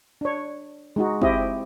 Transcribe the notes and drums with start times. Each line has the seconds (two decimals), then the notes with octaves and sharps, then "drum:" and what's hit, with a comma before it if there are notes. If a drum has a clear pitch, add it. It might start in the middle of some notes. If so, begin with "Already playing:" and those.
0.21 D4 C#5
0.96 G#3 D#4 F#4
1.22 C4 E4 G4 D#5, drum: kick